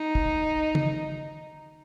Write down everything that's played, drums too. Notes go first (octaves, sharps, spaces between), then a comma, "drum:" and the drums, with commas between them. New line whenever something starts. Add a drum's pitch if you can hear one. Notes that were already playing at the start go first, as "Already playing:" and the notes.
Already playing: D#4
drum: kick
drum: tom C#3